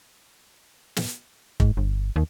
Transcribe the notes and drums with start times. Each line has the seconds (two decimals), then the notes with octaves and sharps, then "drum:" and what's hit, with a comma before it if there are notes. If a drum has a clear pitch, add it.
0.96 drum: snare
1.60 G#2, drum: kick F1
1.77 G1
2.16 D#2